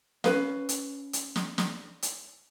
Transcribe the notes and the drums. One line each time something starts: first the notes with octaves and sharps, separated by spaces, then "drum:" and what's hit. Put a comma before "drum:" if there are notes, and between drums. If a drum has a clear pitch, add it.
C#4 F#4 B4 F5, drum: snare
drum: hi-hat
drum: hi-hat
drum: snare
drum: snare
drum: hi-hat